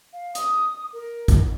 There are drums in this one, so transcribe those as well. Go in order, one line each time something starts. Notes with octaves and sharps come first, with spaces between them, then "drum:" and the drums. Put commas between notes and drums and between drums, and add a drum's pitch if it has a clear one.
F5
D#6, drum: hi-hat
A#4
drum: kick, hi-hat